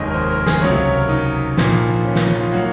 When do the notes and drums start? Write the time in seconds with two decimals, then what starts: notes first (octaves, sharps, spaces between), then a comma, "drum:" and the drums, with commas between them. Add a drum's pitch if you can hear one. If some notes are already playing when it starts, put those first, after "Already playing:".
Already playing: F1 D#2 D#3 G#3 C#5 D#5
0.08 A#4
0.14 C5
0.30 A#4
0.46 G#4, drum: snare
0.61 C#2 C3 F#3 C#5
0.94 A#4
1.09 D#4
1.57 A#1 A#2 F3 A#3, drum: snare
2.05 C#4
2.15 F4, drum: snare
2.21 D#4
2.36 F4
2.53 F#3 A#3 F#4